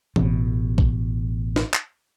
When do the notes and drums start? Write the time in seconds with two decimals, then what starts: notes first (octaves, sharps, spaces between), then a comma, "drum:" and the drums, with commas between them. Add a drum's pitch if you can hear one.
0.16 A1 B2, drum: tom E3
0.78 drum: kick A#1
1.56 drum: snare
1.74 drum: clap